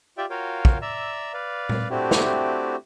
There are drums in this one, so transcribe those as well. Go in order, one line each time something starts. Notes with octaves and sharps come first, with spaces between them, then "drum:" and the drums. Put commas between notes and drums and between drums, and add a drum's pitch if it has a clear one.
F4 G4 D5 E5 G5
F4 F#4 A#4 C#5 F5 G5
drum: kick
D5 E5 A#5 E6
B4 D5 F5
drum: tom A#2
A3 C4 D4 E4 F#4 G4
drum: snare